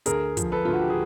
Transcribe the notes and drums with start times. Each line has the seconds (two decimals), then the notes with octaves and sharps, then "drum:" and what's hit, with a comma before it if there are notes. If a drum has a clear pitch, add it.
0.06 D2 G#4 A#4, drum: hi-hat
0.37 F3, drum: kick, hi-hat
0.52 A4 B4
0.65 D2 F4
0.73 F#4
0.82 G4
0.90 G#4